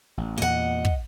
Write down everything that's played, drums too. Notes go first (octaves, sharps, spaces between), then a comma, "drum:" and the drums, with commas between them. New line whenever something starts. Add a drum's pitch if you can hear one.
A1
E2 A#2 A#3 D#5 F#5
drum: kick